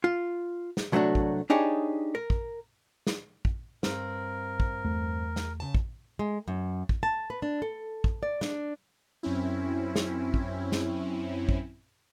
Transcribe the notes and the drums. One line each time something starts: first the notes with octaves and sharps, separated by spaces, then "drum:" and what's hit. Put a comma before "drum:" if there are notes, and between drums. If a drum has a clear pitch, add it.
F4
drum: snare
C2 F#3 A3 B3 D4 F#4
drum: kick
D4 D#4 G4 G#4 C#5
A#4
drum: kick
drum: snare
drum: kick
G2 C4 A#4, drum: snare
drum: kick
E2 A3
drum: snare
C#3 A5
drum: kick
G#3
F#2
drum: kick
A5
B4
D4
A4
drum: kick
D5
D4, drum: snare
F#2 C4 C#4 E4
drum: snare
drum: kick
drum: snare
drum: kick